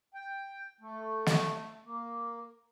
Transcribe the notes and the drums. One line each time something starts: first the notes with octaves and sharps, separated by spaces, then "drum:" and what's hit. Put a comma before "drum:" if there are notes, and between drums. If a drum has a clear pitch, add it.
G5
A3
drum: snare
A#3